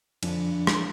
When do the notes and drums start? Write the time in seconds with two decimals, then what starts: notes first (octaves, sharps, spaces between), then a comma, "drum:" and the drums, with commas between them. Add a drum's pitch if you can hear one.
0.23 F2 D3 F3 D4, drum: cymbal
0.67 drum: rim click